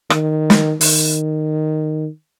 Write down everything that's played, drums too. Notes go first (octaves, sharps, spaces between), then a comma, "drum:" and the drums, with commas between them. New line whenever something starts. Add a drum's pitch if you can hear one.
D#3, drum: rim click
drum: snare
D#3, drum: open hi-hat